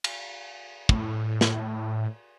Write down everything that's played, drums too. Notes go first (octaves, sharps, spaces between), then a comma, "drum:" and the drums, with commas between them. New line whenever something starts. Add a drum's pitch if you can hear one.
drum: cymbal
A2, drum: kick
drum: snare